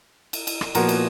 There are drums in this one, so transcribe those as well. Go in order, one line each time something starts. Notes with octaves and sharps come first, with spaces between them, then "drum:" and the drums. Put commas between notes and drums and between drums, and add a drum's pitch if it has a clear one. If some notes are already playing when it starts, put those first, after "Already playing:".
drum: cymbal
drum: cymbal
drum: rim click
A#2 F3 B3 F#4 A#4, drum: cymbal
drum: cymbal